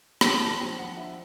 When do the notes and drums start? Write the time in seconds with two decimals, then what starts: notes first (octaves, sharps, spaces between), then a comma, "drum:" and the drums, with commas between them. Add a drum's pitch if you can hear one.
0.21 D4 A#5, drum: rim click
0.40 F3 A5
0.60 F3 G5
0.78 F3 F#5
0.97 D4 E5